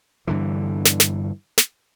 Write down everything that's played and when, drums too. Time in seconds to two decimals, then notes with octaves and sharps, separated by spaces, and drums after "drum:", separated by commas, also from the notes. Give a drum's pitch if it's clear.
0.27 G2 D3 E3
0.85 drum: snare
1.00 drum: snare
1.58 drum: snare